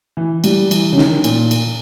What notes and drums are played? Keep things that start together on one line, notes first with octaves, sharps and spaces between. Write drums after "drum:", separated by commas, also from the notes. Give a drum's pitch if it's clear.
E3
G3, drum: cymbal
E3, drum: cymbal
C#3
D#3, drum: snare
A#2, drum: cymbal
drum: cymbal